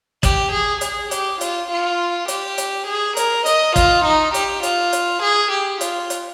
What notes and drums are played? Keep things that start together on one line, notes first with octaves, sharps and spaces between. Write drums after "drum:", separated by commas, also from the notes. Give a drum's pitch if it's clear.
G4, drum: kick, hi-hat
G#4
G#4, drum: hi-hat
G4, drum: hi-hat
F4, drum: hi-hat
F4
G4, drum: hi-hat
drum: hi-hat
G#4
A#4, drum: hi-hat
D#5, drum: hi-hat
F4, drum: kick, hi-hat
D#4
G4, drum: hi-hat
F4, drum: hi-hat
drum: hi-hat
G#4
G4
F4, drum: hi-hat
drum: hi-hat